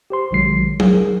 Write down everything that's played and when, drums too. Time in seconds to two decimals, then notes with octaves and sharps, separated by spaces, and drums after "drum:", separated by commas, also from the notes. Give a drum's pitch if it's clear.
0.10 G4 C5 C6
0.31 A#1 C3 D#3 F#3 G#3 C7
0.80 G#4 A#4, drum: tom F#3